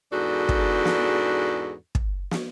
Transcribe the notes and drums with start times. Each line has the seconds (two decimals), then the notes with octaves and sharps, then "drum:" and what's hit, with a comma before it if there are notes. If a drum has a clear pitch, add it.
0.12 E2 G#2 D4 F#4 A4
0.49 drum: kick
0.85 drum: snare
1.95 drum: kick
2.31 drum: snare